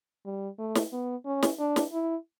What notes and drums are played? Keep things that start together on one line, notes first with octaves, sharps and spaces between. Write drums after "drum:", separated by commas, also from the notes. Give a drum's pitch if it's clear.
G3
A3
drum: snare
B3
C#4
drum: snare
D4
drum: snare
E4